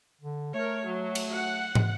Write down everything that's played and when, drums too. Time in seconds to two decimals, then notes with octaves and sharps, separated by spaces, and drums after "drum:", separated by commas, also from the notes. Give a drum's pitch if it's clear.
0.21 D3
0.54 A3 A#4 C#5
0.85 F#3
1.15 drum: cymbal
1.32 F#5
1.75 drum: tom